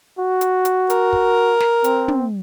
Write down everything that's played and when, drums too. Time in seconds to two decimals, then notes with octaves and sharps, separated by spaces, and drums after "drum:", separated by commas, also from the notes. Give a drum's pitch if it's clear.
0.19 F#4
0.41 drum: hi-hat
0.65 drum: hi-hat
0.90 A#4, drum: hi-hat
1.13 drum: kick
1.60 drum: snare
1.84 C4, drum: hi-hat
2.08 drum: tom